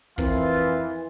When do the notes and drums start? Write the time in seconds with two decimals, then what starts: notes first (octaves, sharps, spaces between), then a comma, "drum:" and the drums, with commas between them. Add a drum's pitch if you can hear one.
0.18 F2 E3 C4 F4 A#4, drum: kick